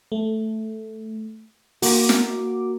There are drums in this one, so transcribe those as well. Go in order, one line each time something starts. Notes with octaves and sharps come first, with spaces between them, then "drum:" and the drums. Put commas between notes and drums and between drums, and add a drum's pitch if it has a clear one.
A3
A#3 F#4 D6, drum: open hi-hat
drum: snare